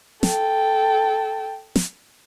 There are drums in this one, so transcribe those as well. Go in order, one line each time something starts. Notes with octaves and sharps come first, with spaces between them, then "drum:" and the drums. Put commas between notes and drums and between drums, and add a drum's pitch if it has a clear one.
A4 G5, drum: snare
drum: snare